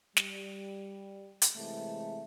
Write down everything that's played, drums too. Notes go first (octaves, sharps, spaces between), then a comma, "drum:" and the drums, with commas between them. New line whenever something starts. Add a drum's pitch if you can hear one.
G3, drum: snare
drum: hi-hat
C3 E3 G#3 A3